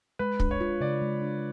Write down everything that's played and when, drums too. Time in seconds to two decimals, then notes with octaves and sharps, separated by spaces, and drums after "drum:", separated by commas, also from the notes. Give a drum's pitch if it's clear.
0.19 G#3 B4
0.40 D4, drum: kick
0.51 C#5
0.61 F4
0.81 C#3 D5
1.02 G#3
1.22 D4